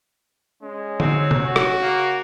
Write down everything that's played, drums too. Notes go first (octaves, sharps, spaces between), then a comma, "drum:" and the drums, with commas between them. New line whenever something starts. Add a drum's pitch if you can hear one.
G#3 C#4
F#3 C4, drum: tom D3
drum: tom C3
C#4 F#4
drum: rim click
C#3 A#3